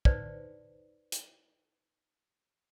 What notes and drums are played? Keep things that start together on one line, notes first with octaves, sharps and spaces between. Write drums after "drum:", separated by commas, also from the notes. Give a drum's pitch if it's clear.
D#4 B4 C5 D5, drum: kick
drum: hi-hat